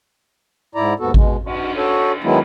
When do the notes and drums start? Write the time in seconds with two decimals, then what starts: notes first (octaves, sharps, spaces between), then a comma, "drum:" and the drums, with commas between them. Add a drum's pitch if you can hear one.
0.75 G#2 E4 D5 A#5
1.00 D#2 G#2 B3 F#4 A4
1.14 B2 G#3, drum: kick G#1
1.46 F#4, drum: cymbal
1.77 F#4 A4 C#5
2.24 D#3 F#3 G#3 B3 E4